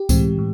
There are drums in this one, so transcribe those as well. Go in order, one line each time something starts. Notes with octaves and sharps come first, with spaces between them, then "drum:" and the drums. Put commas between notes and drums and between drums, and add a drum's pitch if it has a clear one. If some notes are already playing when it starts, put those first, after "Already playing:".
Already playing: G4
A2 E3 G#3 C4, drum: kick C#2, tambourine
A2